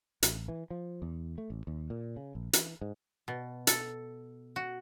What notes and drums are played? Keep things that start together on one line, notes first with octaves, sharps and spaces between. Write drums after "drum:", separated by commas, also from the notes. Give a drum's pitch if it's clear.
A1, drum: hi-hat
E3
F3
E2
A3
A1
D#2
A#2
C#3
A#1
E3, drum: hi-hat
G#2
B2
A4, drum: hi-hat
F#4